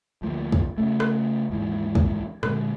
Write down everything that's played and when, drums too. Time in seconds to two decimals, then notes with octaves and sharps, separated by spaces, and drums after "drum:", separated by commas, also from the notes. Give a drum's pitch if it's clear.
0.22 D2 F3 A3 A#3
0.52 drum: kick
0.78 C#3 A3
1.00 drum: rim click
1.50 D#2 G#2 E3
1.95 drum: kick
2.43 A#2 D3 G#3 C4, drum: rim click